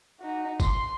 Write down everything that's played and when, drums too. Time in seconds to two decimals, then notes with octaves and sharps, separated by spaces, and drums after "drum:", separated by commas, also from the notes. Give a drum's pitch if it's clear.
0.21 D#4 F#4
0.60 C6, drum: kick G1, tambourine